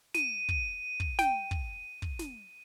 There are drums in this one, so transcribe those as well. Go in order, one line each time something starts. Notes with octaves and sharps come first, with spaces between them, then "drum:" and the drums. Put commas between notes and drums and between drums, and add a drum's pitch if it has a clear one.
D#7, drum: snare
drum: kick
drum: kick
G5, drum: snare
drum: kick
drum: kick
drum: snare